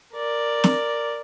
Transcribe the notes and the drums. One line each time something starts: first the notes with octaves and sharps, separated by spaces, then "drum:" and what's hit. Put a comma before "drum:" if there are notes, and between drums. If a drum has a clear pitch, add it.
A#4 D5
drum: snare